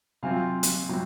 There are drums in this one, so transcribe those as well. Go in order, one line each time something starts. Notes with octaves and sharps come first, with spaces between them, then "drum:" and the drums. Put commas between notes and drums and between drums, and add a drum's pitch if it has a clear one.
C3 F#3 C4 F4 F5 G#5
drum: hi-hat
C3 F#3 C4